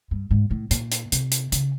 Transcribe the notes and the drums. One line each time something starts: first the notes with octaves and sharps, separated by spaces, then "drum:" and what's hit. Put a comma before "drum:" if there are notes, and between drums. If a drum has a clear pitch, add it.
G2
G#2
A2
A#2, drum: hi-hat
drum: hi-hat
C3, drum: hi-hat
drum: hi-hat
C#3, drum: hi-hat